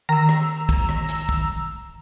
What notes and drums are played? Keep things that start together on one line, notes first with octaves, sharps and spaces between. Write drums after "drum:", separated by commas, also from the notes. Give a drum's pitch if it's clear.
D#3 A#5 E6
drum: rim click
drum: kick, hi-hat
drum: rim click
drum: hi-hat
drum: kick